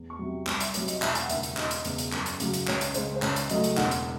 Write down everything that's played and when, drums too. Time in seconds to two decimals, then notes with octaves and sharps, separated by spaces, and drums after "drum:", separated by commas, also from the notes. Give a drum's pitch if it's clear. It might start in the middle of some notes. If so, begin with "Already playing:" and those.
Already playing: E2
0.10 C#6
0.19 C3 F#3
0.47 C2 C#6, drum: clap
0.60 E5, drum: hi-hat
0.74 C3 F#3 C#5, drum: hi-hat
0.88 D#5, drum: hi-hat
1.02 E1 E5, drum: clap
1.15 G#5, drum: hi-hat
1.22 F#5
1.29 D#2 C#3 E5, drum: hi-hat
1.43 drum: hi-hat
1.57 E1 D#5, drum: clap
1.71 drum: hi-hat
1.85 E2 C#3, drum: hi-hat
1.98 drum: hi-hat
2.12 F#2, drum: clap
2.26 drum: hi-hat
2.40 C#3 F#3, drum: hi-hat
2.53 drum: hi-hat
2.67 C#2 C#5, drum: clap
2.81 drum: hi-hat
2.94 C#3 G#3 C5, drum: hi-hat
3.15 C5
3.22 C#2 C#5, drum: clap
3.36 drum: hi-hat
3.49 C#3 F#3 A3 D#5, drum: hi-hat
3.64 drum: hi-hat
3.77 E1 F#5, drum: clap
3.91 drum: hi-hat